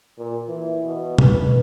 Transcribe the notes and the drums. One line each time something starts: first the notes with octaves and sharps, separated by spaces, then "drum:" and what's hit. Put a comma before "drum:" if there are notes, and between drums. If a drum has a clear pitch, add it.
A#2
E3
B2
B4, drum: tom